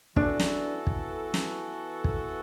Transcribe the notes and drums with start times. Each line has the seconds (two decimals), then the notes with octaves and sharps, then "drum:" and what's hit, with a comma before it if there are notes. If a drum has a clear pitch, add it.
0.16 E3 B3 D4 F#4 A4, drum: kick
0.39 drum: snare
0.87 drum: kick
1.34 drum: snare
2.04 drum: kick